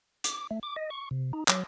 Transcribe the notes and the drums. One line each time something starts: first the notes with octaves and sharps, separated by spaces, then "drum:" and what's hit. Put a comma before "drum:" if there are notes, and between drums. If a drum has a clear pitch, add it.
D6, drum: hi-hat
A3
D6
D#5
C#6
C3
D#4
F#3, drum: clap